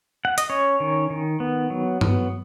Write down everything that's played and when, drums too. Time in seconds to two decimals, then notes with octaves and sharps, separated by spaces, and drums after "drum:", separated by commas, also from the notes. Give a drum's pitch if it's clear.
0.25 F#5
0.38 D#5, drum: hi-hat
0.50 C#4 C#5
0.80 D#3
1.10 D#3
1.40 B3
1.70 F#3
2.01 B3, drum: tom G2